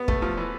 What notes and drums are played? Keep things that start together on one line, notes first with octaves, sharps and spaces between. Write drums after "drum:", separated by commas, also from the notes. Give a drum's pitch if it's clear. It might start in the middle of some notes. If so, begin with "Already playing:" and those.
Already playing: B3
A3, drum: kick
F3
E3